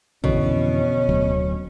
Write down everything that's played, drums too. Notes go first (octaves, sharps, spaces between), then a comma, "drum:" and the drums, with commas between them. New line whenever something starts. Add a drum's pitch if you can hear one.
F2 B2 D3 E3 C#4, drum: kick
D1 D2 F#3